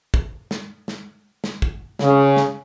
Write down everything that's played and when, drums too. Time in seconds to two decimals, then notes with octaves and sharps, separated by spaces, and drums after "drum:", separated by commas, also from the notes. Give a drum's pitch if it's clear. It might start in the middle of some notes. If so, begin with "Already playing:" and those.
0.14 drum: kick
0.51 drum: snare
0.88 drum: snare
1.44 drum: snare
1.62 drum: kick
1.99 C#3, drum: snare
2.37 drum: snare